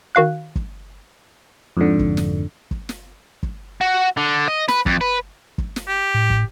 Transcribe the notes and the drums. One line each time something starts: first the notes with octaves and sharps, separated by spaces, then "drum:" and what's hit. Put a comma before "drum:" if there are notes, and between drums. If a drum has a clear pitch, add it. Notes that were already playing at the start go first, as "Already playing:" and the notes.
D#3 F#4 F5 F#6
drum: kick
F2 G#2 D3
drum: kick
drum: snare
drum: kick
drum: snare
drum: kick
F#4
D3
D#5
B4, drum: snare
F2, drum: kick
B4
drum: kick
drum: snare
G4
A2
drum: kick